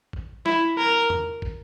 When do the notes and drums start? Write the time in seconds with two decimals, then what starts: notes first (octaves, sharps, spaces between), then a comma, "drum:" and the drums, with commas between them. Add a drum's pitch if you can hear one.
0.13 drum: kick
0.46 E4, drum: snare
0.78 A#4
1.10 drum: tom E2
1.42 drum: kick